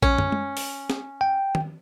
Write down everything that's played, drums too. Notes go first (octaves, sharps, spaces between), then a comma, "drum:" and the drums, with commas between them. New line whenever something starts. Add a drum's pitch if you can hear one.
C#4, drum: kick A#1
drum: tom
drum: tom G#3
drum: open hi-hat
drum: snare
G5
drum: tom D#3